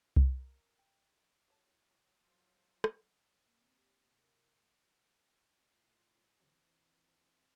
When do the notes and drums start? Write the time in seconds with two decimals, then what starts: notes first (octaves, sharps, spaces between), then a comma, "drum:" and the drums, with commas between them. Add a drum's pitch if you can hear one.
0.16 D#2, drum: kick C2
0.38 A#4
0.78 G5
1.48 A2 F#3 G4 C#5 A5
1.91 F#4
2.23 F#3 F4 A4 C5
2.84 drum: rim click
3.45 A#3
3.59 C4
3.77 G4
4.03 C3
4.20 A#4
4.36 A#4
5.72 A2 F4
6.40 C#2 E3 F#3 C4